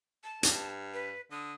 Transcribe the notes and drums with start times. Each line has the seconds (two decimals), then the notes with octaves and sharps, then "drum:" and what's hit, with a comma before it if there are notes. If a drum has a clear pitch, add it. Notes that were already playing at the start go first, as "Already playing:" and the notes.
0.24 A5
0.43 G2, drum: hi-hat
0.94 B4
1.31 D3 D#6